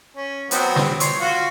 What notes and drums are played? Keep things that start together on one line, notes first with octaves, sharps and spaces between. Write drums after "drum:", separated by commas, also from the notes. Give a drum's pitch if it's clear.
C#4
F#3 B3 C4, drum: hi-hat
drum: snare
C#5 C6, drum: hi-hat
F4 F#4